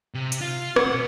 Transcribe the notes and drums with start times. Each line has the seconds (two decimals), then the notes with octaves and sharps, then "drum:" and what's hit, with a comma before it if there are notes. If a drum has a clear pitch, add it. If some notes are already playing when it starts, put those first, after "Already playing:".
0.14 C3
0.32 drum: hi-hat
0.41 F4
0.76 F#5, drum: rim click
0.93 B2